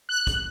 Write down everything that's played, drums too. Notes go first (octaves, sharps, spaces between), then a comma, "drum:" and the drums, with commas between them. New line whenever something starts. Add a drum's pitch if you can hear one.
F#6
drum: kick, hi-hat